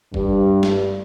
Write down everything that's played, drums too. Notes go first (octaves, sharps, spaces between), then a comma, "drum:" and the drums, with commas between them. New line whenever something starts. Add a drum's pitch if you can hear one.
G2, drum: kick F#1
drum: snare